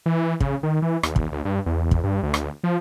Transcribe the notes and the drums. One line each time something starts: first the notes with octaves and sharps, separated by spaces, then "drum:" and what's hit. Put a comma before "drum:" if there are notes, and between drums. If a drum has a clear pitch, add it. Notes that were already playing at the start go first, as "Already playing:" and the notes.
E3
C#3, drum: kick
D#3
E3
D#2, drum: rim click
drum: kick
D2
G2
E2
E2, drum: kick
G2
D2
drum: rim click
F3